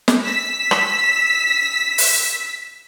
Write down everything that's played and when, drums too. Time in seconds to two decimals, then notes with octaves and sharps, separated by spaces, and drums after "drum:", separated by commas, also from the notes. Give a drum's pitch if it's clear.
0.08 drum: snare
0.24 E6 B6
0.71 drum: rim click
1.98 drum: open hi-hat